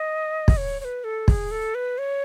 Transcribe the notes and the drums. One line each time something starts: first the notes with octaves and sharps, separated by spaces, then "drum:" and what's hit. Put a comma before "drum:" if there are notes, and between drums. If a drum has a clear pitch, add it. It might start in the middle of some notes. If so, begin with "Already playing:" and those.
Already playing: D#5
drum: kick
C#5
C#5
B4
A4
G#4, drum: kick
A4
B4
C#5